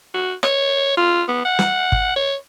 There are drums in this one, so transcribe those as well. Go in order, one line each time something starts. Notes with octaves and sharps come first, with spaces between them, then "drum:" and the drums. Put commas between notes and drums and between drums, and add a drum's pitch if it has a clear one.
F#4
C#5, drum: rim click
F4
B3
F#5
drum: snare
drum: kick
C#5